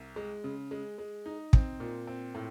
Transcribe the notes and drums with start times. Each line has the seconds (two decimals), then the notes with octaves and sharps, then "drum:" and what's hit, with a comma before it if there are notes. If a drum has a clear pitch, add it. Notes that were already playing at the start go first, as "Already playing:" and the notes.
Already playing: C2
0.16 G#3
0.44 C#3
0.71 G#3
0.98 G#3
1.26 D#4
1.53 C4, drum: kick
1.80 A#2
2.07 C4
2.35 A2